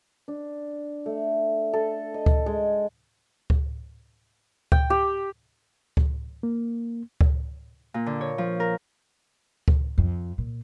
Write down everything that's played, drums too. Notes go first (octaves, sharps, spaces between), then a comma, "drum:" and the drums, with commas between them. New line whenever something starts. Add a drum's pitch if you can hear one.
D4
A3
A4
D#5
drum: kick C#2
G#3
drum: kick C#2
G5, drum: kick C#2
G4
drum: kick C#2
A#3
drum: kick C#2
A#2
D3
C#5
F3
A#4
drum: kick C#2
F2
A#2